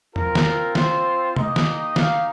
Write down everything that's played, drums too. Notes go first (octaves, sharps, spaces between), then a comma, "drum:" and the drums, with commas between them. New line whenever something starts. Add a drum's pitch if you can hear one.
C4 F4 A#4, drum: tom E2
drum: snare
C5, drum: snare
A#3 D#4 G4 D#5, drum: tom C3
drum: snare
F5, drum: snare